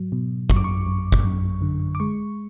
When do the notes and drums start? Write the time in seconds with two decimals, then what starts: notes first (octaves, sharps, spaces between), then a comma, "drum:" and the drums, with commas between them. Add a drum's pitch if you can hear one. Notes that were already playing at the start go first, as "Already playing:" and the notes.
Already playing: G#2 F#3
0.12 B2
0.50 F#2 C#6, drum: kick
0.56 D6
0.64 C#6
0.87 F#2
1.12 drum: kick
1.24 F#2
1.62 D3
1.95 D6
2.00 G#3 C#6